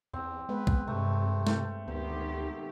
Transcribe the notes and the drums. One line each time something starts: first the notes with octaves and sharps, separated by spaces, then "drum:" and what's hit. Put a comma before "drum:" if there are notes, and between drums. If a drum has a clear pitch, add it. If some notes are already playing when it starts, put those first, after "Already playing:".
E2 C4
G#3 B3 B4
drum: kick B1
G2 C3 A3
A3, drum: snare
D2 D#3 B3 G4 C5